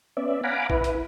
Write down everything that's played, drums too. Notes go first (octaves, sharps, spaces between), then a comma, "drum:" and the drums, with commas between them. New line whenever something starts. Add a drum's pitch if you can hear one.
B3 C#4 D5 E5
F5 F#5 G#5 A#5 B5 D6
E4 B4, drum: kick
drum: hi-hat